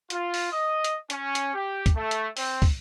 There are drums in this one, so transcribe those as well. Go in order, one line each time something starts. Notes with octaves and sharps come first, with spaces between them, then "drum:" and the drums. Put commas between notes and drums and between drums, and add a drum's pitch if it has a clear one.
F4, drum: hi-hat
drum: open hi-hat
D#5
drum: hi-hat
C#4, drum: hi-hat
drum: hi-hat
G4
drum: kick, hi-hat
A3
drum: hi-hat
C4, drum: open hi-hat
drum: kick, open hi-hat